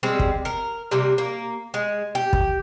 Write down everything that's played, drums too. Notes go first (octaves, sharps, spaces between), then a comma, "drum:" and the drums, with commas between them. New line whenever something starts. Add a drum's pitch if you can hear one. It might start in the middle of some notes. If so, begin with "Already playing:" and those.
G3 G#3 C4
drum: kick
A#4
C3 G3 A#3
A#3
G#3
G4
drum: kick